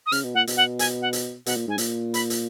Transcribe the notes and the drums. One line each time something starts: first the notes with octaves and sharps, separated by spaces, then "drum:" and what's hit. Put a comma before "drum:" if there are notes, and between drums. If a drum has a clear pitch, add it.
D#6
C#3 F6, drum: hi-hat
B2
A#2 F#5
B2, drum: hi-hat
F#5
G#5, drum: hi-hat
F#5
drum: hi-hat
B2 F#5, drum: hi-hat
A#2
G#2 G#5
A#2, drum: hi-hat
B5, drum: hi-hat
drum: hi-hat